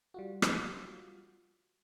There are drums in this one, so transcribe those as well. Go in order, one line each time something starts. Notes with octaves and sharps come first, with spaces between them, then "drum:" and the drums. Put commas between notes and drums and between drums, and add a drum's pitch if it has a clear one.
G3 F4 F#4
drum: rim click